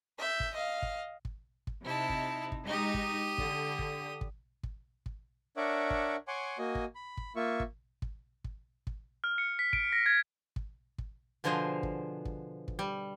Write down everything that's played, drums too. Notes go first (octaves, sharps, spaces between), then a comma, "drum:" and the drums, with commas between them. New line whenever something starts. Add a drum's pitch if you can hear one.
E5 G6
drum: kick
D#5 F5
drum: kick
drum: kick
drum: kick
C3 D#4 E4 A5
drum: kick
drum: kick
G#3 D#4 G4 D#6
drum: kick
D3, drum: kick
drum: kick
drum: kick
drum: kick
drum: kick
D4 A#4 C#5 E5 F#5 D6
drum: kick
C#5 F#5 G#5 C6 D6
A#3 F#4 D#5 G#5
drum: kick
B5
drum: kick
A#3 F4 E5 C#6
drum: kick
drum: kick
drum: kick
drum: kick
F6
C#7
B6
D7, drum: kick
A#6
G#6
drum: kick
drum: kick
B2 D3 F3 G#4 C5
drum: kick
drum: kick
drum: kick
G3